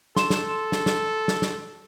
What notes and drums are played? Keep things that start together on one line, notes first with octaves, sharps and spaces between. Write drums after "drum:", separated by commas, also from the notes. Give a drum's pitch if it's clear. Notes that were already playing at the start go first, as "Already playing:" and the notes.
A4 C6 E7, drum: snare
drum: snare
drum: snare
drum: snare
drum: snare
drum: snare